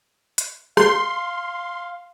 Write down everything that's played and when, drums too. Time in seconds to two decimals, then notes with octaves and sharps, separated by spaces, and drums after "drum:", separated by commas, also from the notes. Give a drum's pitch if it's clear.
0.38 drum: hi-hat
0.77 F5 C6, drum: rim click